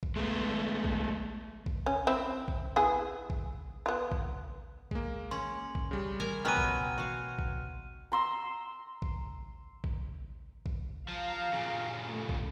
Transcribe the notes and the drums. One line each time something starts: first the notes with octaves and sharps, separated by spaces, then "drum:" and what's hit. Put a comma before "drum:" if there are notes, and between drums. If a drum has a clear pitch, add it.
drum: kick
G#3 A3 B3
drum: kick
drum: kick
C#4
C4 E4
drum: kick
B3 E4 G#4
drum: kick
B3 F4
drum: kick
G#3 A#3, drum: kick
C#4 C6
drum: kick
C#3 G3
A#4 G#5 A#5
B2 F#3 B3 G5 G#5 A#5 F6 D#7
drum: kick
F#4 F5
drum: kick
A#5 C6 E6
drum: kick
drum: kick
drum: kick
F3 F5 A#5
A#2 C#3
A3
drum: kick